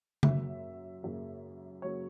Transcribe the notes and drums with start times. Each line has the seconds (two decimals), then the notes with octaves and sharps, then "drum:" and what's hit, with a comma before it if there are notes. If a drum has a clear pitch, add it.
0.23 F#2 C#3 F#3 A#3 E5, drum: tom C#3
1.03 F#2 C#3 F#3 A#3
1.82 C#3 F#3 A#3 C#5